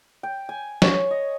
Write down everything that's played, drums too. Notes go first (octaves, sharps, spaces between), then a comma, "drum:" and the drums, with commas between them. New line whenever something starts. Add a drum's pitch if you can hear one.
G5
G#5
C#5, drum: snare
D#5